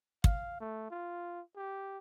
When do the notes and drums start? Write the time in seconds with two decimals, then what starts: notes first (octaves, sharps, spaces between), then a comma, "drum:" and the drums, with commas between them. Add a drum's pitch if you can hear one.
0.24 F5, drum: kick
0.61 A3
0.91 F4
1.56 G4